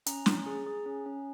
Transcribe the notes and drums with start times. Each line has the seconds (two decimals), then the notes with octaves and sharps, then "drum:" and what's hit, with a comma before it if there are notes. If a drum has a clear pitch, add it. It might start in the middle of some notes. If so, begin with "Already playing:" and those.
0.06 C#4 A#5, drum: hi-hat
0.26 C#4, drum: snare
0.46 G#4
0.67 G#4
0.86 C#4
1.06 C#4